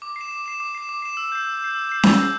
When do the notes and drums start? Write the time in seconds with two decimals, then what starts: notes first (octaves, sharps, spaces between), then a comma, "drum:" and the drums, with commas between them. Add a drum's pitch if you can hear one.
0.02 D6
0.16 C7 E7
0.31 D6
0.46 C7 E7
0.60 D6
0.75 C7 E7
0.89 D6
1.02 C7 E7
1.17 E6
1.32 G6 C7
1.46 E6
1.61 G6 C7
1.75 E6
1.89 G6 C7
2.03 E6, drum: snare C#4
2.18 G6 C7